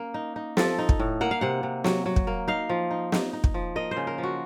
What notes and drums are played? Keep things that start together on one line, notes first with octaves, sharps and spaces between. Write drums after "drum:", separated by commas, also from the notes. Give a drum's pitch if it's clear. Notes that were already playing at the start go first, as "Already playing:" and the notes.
Already playing: A#3 C#4
D#4
D#4
F3 A4, drum: snare
D#4
drum: kick
A2
A#3 F#5
F5
C3 F#5
C3
F#3, drum: snare
F#3
drum: kick
A#3
D#4 F5
F3
D#4
D#4, drum: snare
D#4
drum: kick
F3
A#3 D#5
C5
C#3
A#4
F3
F#4